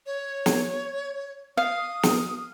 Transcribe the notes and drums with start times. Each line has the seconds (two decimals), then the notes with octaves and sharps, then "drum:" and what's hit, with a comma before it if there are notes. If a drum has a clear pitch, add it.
0.06 C#5
0.46 drum: snare
1.57 F5 D#6
2.03 drum: snare